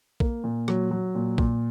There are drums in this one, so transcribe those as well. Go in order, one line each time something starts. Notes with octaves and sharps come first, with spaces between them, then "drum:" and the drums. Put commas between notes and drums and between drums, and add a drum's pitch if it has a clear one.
A#3, drum: kick A#1
A#2
F#3, drum: rim click
F#3
A#2
A#2, drum: kick A#1